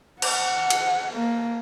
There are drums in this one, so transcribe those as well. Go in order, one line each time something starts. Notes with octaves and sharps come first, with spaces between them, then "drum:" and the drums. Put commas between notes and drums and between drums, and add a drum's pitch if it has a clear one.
F#5, drum: cymbal
drum: cymbal
A#3